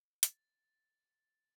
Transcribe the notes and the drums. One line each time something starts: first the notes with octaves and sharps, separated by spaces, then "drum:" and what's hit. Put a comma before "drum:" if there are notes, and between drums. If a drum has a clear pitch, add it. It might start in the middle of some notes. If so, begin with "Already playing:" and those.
A6, drum: hi-hat